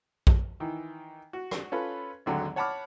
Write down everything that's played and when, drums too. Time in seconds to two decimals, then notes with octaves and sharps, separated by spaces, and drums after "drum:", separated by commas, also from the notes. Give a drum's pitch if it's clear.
0.27 drum: kick A#1
0.60 D#3 E3
1.33 F#4
1.51 drum: rim click
1.72 C#4 F4 A4 B4
2.26 G#1 D#2 D3 F#3
2.56 C#5 F#5 A5 B5 D6 F6